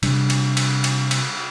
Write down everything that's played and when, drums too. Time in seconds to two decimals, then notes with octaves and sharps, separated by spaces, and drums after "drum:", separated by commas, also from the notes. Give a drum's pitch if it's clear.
0.03 C3 G3 D4, drum: cymbal
0.30 drum: cymbal
0.57 drum: cymbal
0.84 drum: cymbal
1.11 drum: cymbal